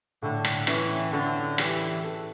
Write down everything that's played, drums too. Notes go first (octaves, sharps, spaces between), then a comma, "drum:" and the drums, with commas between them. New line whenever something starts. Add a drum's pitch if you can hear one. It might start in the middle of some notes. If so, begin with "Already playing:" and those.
A2 D3
drum: rim click
E3 C#4, drum: rim click
D3 C#4
E3 G4, drum: rim click
A4